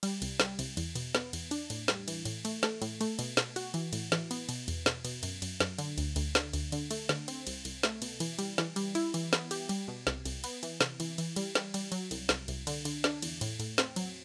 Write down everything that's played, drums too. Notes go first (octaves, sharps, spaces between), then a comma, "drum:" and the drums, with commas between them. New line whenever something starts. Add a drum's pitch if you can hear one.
G3, drum: cymbal
C2, drum: cymbal
G3, drum: snare
C2, drum: cymbal
E2, drum: cymbal
B2, drum: cymbal
B3, drum: snare
E2, drum: cymbal
D4, drum: cymbal
A2, drum: cymbal
G3, drum: snare
E3, drum: cymbal
A2, drum: cymbal
A3, drum: cymbal
A3, drum: snare
A2, drum: cymbal
A3, drum: cymbal
B2, drum: cymbal
B2, drum: snare
F#4, drum: cymbal
E3, drum: cymbal
A2, drum: cymbal
E3, drum: snare
B3, drum: cymbal
B2, drum: cymbal
E2, drum: cymbal
B2, drum: snare
B2, drum: cymbal
F#2, drum: cymbal
F#2, drum: cymbal
F#2, drum: snare
D3, drum: cymbal
D2, drum: cymbal
D2, drum: cymbal
D3, drum: snare
D2, drum: cymbal
D3, drum: cymbal
A3, drum: cymbal
D3, drum: snare
C4, drum: cymbal
C2, drum: cymbal
C2, drum: cymbal
A3, drum: snare
B2, drum: cymbal
E3, drum: cymbal
G3, drum: cymbal
E3, drum: snare
G3, drum: cymbal
E4, drum: cymbal
E3, drum: cymbal
B3, drum: snare
G4, drum: cymbal
G3, drum: cymbal
B2
C2, drum: snare
C2, drum: cymbal
B3, drum: cymbal
E3, drum: cymbal
C3, drum: snare
E3, drum: cymbal
E3, drum: cymbal
G3, drum: cymbal
G3, drum: snare
G3, drum: cymbal
F#3, drum: cymbal
C2, drum: cymbal
C2, drum: snare
C2, drum: cymbal
D3, drum: cymbal
D3, drum: cymbal
D4, drum: snare
E2, drum: cymbal
A2, drum: cymbal
A2, drum: cymbal
C4, drum: snare
F#3, drum: cymbal